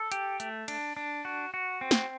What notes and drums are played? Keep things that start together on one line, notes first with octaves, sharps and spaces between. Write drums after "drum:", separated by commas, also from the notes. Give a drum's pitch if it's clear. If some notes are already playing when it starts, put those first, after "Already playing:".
Already playing: A4
G4, drum: hi-hat
A3, drum: hi-hat
D4, drum: cymbal
D4
F#4
F#4
C4
drum: snare